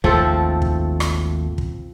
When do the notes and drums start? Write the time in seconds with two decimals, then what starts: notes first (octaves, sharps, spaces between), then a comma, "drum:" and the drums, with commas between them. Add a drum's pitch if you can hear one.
0.04 G#1 D#2 F3 A3 C4 A4, drum: kick
0.62 drum: kick
1.00 drum: rim click
1.58 drum: kick